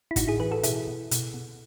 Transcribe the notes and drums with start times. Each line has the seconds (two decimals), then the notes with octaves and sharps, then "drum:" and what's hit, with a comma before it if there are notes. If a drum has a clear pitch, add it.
0.11 E4
0.16 A2 D#4 F#4, drum: kick, hi-hat
0.28 E4 G#4
0.40 E3 G#4 B4
0.51 F#4 A4
0.63 B2 E4 G#4, drum: hi-hat
0.87 B2
1.11 B2, drum: hi-hat
1.34 B2